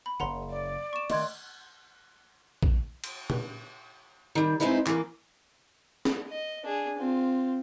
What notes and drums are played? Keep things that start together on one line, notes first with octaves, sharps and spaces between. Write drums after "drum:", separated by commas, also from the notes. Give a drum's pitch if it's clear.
B5
F#1 C#3 F#5 A#5 C6
D5
C#6 E7
D#3 A3 D#5 C6 G#6, drum: cymbal
drum: kick A#1
drum: cymbal
drum: tom A#2
D#3 G3
G#3 A3 C4 D#4 E4 B4
E3 A#3, drum: clap
drum: snare
D#5
D4 G#4
C4 F4